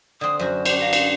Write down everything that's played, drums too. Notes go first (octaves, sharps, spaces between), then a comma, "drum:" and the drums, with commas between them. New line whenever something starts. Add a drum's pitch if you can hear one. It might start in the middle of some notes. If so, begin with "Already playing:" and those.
D3 C4 D#6
F#2 F#4 C5
D4 C6, drum: cymbal
F5 A#5
drum: cymbal